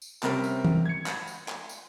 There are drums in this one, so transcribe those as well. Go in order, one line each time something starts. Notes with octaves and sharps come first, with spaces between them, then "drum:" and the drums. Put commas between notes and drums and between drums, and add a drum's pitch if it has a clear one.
drum: tambourine
C3 G3 C4 C#4 A#4, drum: clap
drum: tambourine
drum: tom
G#6 C#7
drum: clap
drum: tambourine
drum: clap
drum: tambourine